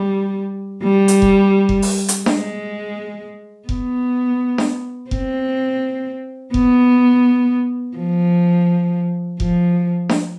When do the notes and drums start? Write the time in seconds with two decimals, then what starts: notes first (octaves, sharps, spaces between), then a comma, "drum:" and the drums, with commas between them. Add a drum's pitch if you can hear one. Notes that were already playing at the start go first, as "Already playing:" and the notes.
Already playing: G3
0.83 G3
1.08 drum: hi-hat
1.22 drum: kick F1
1.69 drum: kick F1
1.82 drum: open hi-hat
2.08 drum: hi-hat
2.26 G#3, drum: snare D4
3.69 B3, drum: kick F1
4.58 drum: snare D4
5.11 C4, drum: kick F1
6.54 B3, drum: kick F1
7.97 F3
9.40 F3, drum: kick F1
10.09 drum: snare D4